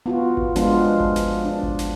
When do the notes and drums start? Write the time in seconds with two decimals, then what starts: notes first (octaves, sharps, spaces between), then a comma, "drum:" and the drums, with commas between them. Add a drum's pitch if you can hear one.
0.06 B3 F4 F#4
0.37 drum: kick G#1
0.56 F3 G#3 B3 D4 F4, drum: snare
1.00 drum: kick G#1
1.16 drum: snare
1.45 D4
1.63 drum: kick G#1
1.79 drum: snare